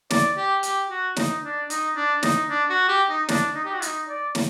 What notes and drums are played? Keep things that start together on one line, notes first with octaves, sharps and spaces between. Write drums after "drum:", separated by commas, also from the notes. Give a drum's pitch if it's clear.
D5, drum: snare
G4
G4, drum: hi-hat
F#4
D#4, drum: snare
D4
D#4, drum: hi-hat
D4
D#4, drum: snare
D4
F#4
G4
D#4
D4, drum: snare
D#4
G4
F#4
D#4, drum: hi-hat
D5
drum: snare